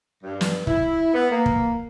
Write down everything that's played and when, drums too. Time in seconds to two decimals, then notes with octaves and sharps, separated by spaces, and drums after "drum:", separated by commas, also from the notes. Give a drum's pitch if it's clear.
0.23 G2
0.41 drum: snare
0.67 E4, drum: kick
1.13 B3
1.31 A#3
1.46 drum: kick